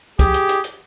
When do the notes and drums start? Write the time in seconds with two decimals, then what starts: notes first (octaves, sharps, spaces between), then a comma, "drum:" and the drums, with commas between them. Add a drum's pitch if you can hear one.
0.19 G4 G#4, drum: kick, hi-hat
0.34 drum: hi-hat
0.49 drum: hi-hat
0.64 drum: hi-hat